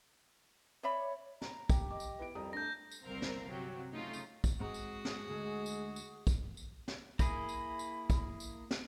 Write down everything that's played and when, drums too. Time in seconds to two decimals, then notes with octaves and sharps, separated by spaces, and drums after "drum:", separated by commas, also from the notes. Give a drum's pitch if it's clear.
0.83 C#5 D5 E5 B5
1.41 A#5, drum: snare
1.70 G4, drum: kick, tambourine
1.91 D#5 D6
2.00 drum: tambourine
2.19 B3 E4 D7
2.35 C2 F2 G3 A#5 D#6
2.53 A3 D4 A#5 G6 A#6
2.91 drum: tambourine
3.05 G1 C2 G3 C4 A#4 F5
3.22 drum: snare
3.48 C3 F#3 G4
3.92 C#3 A3 D#4 F4
4.13 drum: tambourine
4.44 drum: kick, tambourine
4.60 G#2 C4 F#4 G#4 A#5
4.74 drum: tambourine
5.05 drum: snare
5.30 D2 G#3
5.66 drum: tambourine
5.96 drum: tambourine
6.27 drum: kick, tambourine
6.57 drum: tambourine
6.88 drum: snare
7.19 A#3 E4 G#4 B5, drum: kick, tambourine
7.49 drum: tambourine
7.79 drum: tambourine
8.10 drum: kick, tambourine
8.40 drum: tambourine
8.71 drum: snare